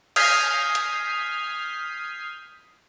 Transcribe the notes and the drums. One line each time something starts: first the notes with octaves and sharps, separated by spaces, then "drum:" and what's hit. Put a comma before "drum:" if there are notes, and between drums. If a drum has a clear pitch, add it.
D#6 F6 G6 G#6 B6 C7, drum: cymbal
drum: hi-hat